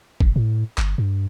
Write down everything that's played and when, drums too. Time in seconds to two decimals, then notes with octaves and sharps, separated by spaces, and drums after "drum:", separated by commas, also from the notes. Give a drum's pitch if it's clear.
0.21 F1, drum: kick G#1
0.36 A2
0.78 G1, drum: clap
0.98 G2